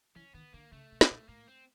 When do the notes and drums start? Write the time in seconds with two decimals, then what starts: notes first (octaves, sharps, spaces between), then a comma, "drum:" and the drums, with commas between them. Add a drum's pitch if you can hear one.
0.16 E3 C#4
0.34 D#3 B3
0.54 D3 A#3
0.72 C#3 A3
0.92 B2
1.01 A3, drum: snare
1.11 A#2
1.28 A2 A#3
1.48 C4